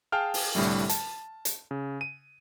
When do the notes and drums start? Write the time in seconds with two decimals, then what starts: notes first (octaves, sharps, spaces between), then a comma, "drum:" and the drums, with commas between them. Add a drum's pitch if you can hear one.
0.12 G#4 F5 G5 A5 F6
0.34 drum: open hi-hat
0.55 C2 A2 D3 G3 A3
0.89 A5, drum: hi-hat
1.45 drum: hi-hat
1.71 C#3
2.01 D#7